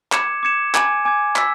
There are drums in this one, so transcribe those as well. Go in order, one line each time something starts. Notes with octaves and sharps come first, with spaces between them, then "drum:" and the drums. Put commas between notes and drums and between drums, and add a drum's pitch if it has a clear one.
D6 G#6 C#7 E7, drum: clap
D6 G#6 C#7 E7
G#5 D6 G#6, drum: clap
G#5 D6 G#6
E6 B6, drum: clap